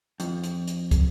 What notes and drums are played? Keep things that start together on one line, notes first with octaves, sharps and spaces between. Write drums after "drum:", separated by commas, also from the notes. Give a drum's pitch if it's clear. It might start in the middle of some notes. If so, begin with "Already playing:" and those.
F2, drum: hi-hat
drum: hi-hat
drum: hi-hat
drum: kick, hi-hat